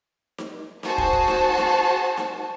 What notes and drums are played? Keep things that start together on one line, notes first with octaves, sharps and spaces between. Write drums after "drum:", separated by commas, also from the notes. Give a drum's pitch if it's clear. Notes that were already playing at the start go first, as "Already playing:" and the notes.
drum: snare D#4
F#4 G#4 C5 A5, drum: snare D#4
drum: kick
drum: kick
drum: snare D#4
drum: snare D#4
drum: snare D#4